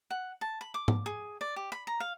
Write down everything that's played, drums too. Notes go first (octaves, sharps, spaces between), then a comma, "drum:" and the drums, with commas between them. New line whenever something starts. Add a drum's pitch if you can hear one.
F#5
A5
B5
D6
drum: tom G#2
G#4
D5
G4
B5
A#5
F5